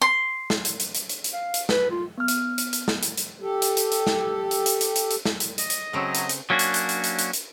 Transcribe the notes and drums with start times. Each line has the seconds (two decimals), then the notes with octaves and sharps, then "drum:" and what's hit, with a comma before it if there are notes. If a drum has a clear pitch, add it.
0.02 C6
0.50 drum: snare
0.65 drum: hi-hat
0.80 drum: hi-hat
0.95 drum: hi-hat
1.09 drum: hi-hat
1.24 drum: hi-hat
1.33 F5
1.54 drum: hi-hat
1.69 B4, drum: snare
1.91 F4
2.18 B3 F6
2.28 drum: hi-hat
2.58 drum: hi-hat
2.73 drum: hi-hat
2.88 drum: snare
3.03 drum: hi-hat
3.17 drum: hi-hat
3.41 G4 A4
3.62 drum: hi-hat
3.77 drum: hi-hat
3.92 drum: hi-hat
4.07 drum: snare
4.51 drum: hi-hat
4.66 drum: hi-hat
4.81 drum: hi-hat
4.96 drum: hi-hat
5.11 drum: hi-hat
5.25 drum: snare
5.40 drum: hi-hat
5.58 D#5, drum: hi-hat
5.70 drum: hi-hat
5.93 C#3 F#3 A3 C4
6.15 drum: hi-hat
6.29 drum: hi-hat
6.50 F#3 A#3 C#4 D4 F#4
6.59 drum: hi-hat
6.74 drum: hi-hat
6.89 drum: hi-hat
7.04 drum: hi-hat
7.19 drum: hi-hat
7.33 drum: hi-hat